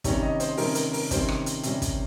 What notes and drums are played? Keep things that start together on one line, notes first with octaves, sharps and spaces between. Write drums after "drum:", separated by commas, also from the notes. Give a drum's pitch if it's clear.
C3 D#3 G3 C#4 C#5, drum: kick, hi-hat
D#5
C5, drum: hi-hat
C3 D#3 G3 C#4 A#4, drum: open hi-hat
A#4, drum: hi-hat
A#4, drum: open hi-hat
C3 D#3 G3 C#4 C5, drum: kick, hi-hat
drum: rim click
drum: hi-hat
C3 D#3 G3 C#4, drum: hi-hat
drum: kick, hi-hat